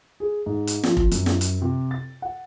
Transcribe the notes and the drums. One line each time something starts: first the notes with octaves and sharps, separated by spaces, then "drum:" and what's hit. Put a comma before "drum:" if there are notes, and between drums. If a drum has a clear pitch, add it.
G#4
G#2
drum: hi-hat
F3, drum: snare
drum: kick F1
F#2, drum: hi-hat
drum: snare
drum: hi-hat
C3
A6
F#5